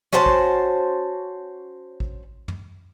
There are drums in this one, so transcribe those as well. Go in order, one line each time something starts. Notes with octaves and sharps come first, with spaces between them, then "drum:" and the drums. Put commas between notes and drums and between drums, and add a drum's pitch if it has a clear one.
C#4 F#4 C5 A5, drum: snare
drum: kick A1
drum: kick A1
drum: tom F#2